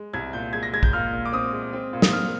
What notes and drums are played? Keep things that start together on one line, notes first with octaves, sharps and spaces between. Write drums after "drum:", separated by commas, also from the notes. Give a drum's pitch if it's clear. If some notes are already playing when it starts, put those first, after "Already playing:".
Already playing: G#3
C2 G#6
A#2 G6
G#3 G#6
A#6
G#3 G#6
G6, drum: kick
A#2 F6
A#2
D6
C4 D#6
G#3
C4
A#2
D#6, drum: snare
A#2 F6